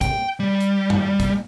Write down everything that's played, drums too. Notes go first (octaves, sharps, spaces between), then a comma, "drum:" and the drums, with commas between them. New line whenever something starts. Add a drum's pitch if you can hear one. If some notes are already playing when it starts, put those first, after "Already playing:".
G5, drum: kick, hi-hat
G3
drum: hi-hat
drum: tom
drum: kick, hi-hat